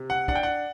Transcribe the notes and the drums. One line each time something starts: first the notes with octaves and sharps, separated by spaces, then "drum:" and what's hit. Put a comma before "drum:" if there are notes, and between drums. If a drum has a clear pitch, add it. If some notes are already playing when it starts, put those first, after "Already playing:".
Already playing: C3
F#5
D4 F#5, drum: kick
G5
F#5